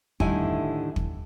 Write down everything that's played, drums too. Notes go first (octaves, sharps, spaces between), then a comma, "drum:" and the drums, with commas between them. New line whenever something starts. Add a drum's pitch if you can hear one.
A2 D3 D#3 G3 E4 G#5, drum: kick
drum: kick